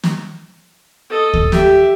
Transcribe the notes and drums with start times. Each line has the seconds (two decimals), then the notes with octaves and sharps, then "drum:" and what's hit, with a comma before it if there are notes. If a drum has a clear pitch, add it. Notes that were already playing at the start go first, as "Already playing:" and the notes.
0.04 drum: snare
1.10 A4 D#5
1.34 drum: kick
1.52 G4 E5, drum: snare